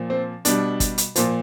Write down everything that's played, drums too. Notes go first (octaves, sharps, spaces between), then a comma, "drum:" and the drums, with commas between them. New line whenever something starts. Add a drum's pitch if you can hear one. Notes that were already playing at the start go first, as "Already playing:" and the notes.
Already playing: A#2 F3
C4
B2 G3 D4, drum: hi-hat
drum: kick, hi-hat
drum: hi-hat
A#2 F3, drum: hi-hat